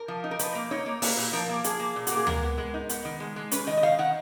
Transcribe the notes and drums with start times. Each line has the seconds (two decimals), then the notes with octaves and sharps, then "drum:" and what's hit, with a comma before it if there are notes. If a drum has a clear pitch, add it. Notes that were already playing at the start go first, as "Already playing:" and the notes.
Already playing: A#4
0.08 F3
0.24 D#4
0.31 A#4
0.39 F3 B4, drum: hi-hat
0.55 A#3
0.71 D#4 C#5
0.86 A#3
1.02 A#3 B4, drum: open hi-hat
1.17 A#2
1.33 F3 A#4
1.49 A#3
1.64 F3 G#4, drum: hi-hat
1.80 A#3
1.96 A#2
2.07 A#3 F#4, drum: hi-hat
2.17 G#4
2.27 G#3 A#4, drum: tom D2
2.42 B3
2.58 G#3
2.74 D#4
2.89 B3, drum: hi-hat
3.05 D#3
3.20 G#3
3.36 G#3
3.51 C#4 B4, drum: hi-hat
3.67 D#3 D#5
3.77 D#5
3.83 D#3 F5
3.99 D#3 F#5